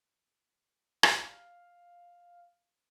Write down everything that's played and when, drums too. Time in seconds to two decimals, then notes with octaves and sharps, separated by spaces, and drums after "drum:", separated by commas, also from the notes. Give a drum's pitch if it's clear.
1.03 G4 D5 F5, drum: rim click